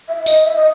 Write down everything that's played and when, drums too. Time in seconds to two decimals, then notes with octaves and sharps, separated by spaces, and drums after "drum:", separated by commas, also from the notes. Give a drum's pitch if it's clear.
0.09 E5
0.20 E5
0.26 D#5, drum: tambourine
0.45 E5
0.56 D#5